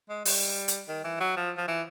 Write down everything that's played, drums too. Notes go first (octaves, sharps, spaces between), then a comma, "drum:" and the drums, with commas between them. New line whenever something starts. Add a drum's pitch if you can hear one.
G#3
G3, drum: open hi-hat
drum: hi-hat
D#3
E3
F#3
F3
F3
E3